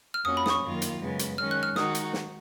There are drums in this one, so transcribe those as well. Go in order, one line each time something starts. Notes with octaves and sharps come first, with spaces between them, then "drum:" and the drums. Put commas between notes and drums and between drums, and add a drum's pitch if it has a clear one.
F6
F2 F3 A#3 C#4 F#4 D#6
B5
D#6, drum: snare
C#6
F#2 D#3 A#3 F4
drum: hi-hat
F#2 C#3 G#3 B3
drum: hi-hat
D#3 G#3 C#4 F6
F#6
F6
D#3 G#3 D#4 F#4 D#6, drum: snare
drum: hi-hat
drum: snare